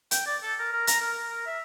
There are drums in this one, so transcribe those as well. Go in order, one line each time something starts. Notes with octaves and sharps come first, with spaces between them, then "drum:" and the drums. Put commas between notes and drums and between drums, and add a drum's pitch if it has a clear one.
G5, drum: hi-hat
D5
A4
A#4
A#4
A#5, drum: hi-hat
A#4
A#4
E5